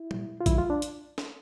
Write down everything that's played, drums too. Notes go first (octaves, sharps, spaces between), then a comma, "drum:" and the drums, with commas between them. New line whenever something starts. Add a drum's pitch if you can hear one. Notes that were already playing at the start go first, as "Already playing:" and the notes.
Already playing: E4
A#2 G3, drum: tom
F4
F#2 D3 F3 G#3 E4, drum: kick, hi-hat
F4
D4
drum: hi-hat
drum: snare